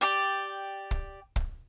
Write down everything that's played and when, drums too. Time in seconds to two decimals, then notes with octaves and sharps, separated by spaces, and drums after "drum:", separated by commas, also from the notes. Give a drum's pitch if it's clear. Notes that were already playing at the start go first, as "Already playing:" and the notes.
0.01 G4 D5 G5
0.91 drum: kick
1.36 drum: kick